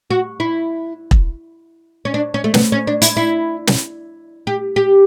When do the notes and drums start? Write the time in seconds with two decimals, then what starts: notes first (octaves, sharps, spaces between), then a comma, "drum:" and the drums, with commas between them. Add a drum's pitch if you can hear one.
0.10 F#4
0.40 E4
1.11 drum: kick E1
2.05 C#4
2.14 D4
2.34 C#4
2.44 A3
2.54 B3, drum: snare
2.72 C#4
2.87 D4
3.02 E4, drum: hi-hat
3.17 E4
3.67 drum: snare
4.47 G4
4.76 G4